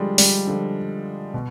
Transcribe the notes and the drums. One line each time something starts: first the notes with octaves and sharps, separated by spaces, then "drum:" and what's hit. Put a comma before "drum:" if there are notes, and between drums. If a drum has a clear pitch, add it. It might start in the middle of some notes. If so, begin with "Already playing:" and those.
Already playing: D3 F3 G3 G#3
G3, drum: open hi-hat
D3 F3
B2